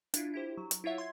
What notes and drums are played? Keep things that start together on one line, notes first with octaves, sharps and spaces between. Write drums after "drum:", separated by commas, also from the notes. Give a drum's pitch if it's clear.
D4 E4 F4, drum: hi-hat
E4 G4 C5
F#3
drum: hi-hat
E4 F4 C#5 E5 F#5
C6 G#6